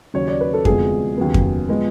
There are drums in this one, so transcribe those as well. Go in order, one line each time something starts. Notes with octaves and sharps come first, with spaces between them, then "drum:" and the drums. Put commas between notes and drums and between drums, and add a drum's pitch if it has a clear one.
D#2 C#3 F#3 C#5
D5
B4
A4
D2 C3 F3 G#3 B3 G#4, drum: kick F2
D#2 C#3 F#3 B3
drum: kick F2
A#2 F3 G#3 B3